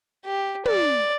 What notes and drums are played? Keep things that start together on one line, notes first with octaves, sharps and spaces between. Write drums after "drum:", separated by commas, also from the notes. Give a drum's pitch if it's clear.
G4
D5, drum: tom